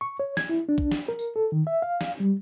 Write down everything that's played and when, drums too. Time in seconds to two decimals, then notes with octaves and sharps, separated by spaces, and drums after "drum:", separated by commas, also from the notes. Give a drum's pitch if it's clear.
0.01 C#6
0.20 C#5
0.37 G#6, drum: snare
0.49 E4
0.69 D4
0.78 drum: kick
0.91 drum: snare
1.08 A#4
1.19 drum: tambourine
1.36 A4
1.52 D#3
1.67 E5
1.82 F5
2.01 drum: snare
2.20 G3